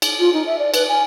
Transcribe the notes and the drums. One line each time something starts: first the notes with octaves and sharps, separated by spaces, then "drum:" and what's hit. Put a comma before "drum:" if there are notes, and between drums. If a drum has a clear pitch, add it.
drum: cymbal
F4
D#4
E5
D5
B4, drum: cymbal
G#5